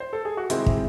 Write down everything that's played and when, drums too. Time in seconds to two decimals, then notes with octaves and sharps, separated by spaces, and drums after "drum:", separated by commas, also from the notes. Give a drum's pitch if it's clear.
0.00 C5
0.13 A4
0.25 G#4
0.37 F#4
0.50 C3 D#3 G#3 C4 E4, drum: hi-hat
0.66 drum: kick